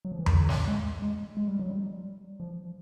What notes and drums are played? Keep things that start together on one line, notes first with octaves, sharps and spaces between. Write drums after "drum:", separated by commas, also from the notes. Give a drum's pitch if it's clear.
F#3
F3
E3
D#3, drum: tom E2
D3
drum: snare
G#3
G#3
G#3
G3
F#3
G3
F3